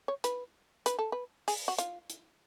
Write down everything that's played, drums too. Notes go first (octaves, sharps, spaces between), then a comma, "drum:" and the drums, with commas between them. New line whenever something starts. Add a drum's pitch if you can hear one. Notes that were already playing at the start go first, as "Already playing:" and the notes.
C#5
B4, drum: hi-hat
B4, drum: hi-hat
A4
B4
G#4, drum: open hi-hat
F#4
F4, drum: hi-hat
drum: hi-hat